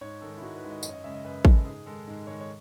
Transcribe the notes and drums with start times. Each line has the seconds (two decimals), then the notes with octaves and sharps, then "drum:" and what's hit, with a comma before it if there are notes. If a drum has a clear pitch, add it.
0.01 G#2 C#5
0.21 D#3 G#3 A4
0.37 E4
0.42 G#2 F#4
0.56 B4
0.63 D#3 G#3
0.70 D#5
0.83 F#2 D#5, drum: tambourine
0.89 C#5
0.93 D#5
1.04 C#3 G#3 E5
1.14 D#5
1.24 F#2 B4
1.45 C#3 G#3 A4, drum: kick A1
1.65 G#2 G#4
1.86 D#3 G#3 A4
2.07 G#2
2.27 D#3 G#3 C#5
2.40 C#5